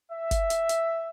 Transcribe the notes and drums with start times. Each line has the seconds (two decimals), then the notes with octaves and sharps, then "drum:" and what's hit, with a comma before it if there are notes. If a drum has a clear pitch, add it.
0.12 E5
0.31 drum: kick, hi-hat
0.50 drum: hi-hat
0.69 drum: hi-hat